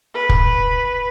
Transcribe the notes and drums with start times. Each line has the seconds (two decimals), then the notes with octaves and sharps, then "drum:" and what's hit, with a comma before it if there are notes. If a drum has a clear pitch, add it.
0.14 B4
0.29 drum: kick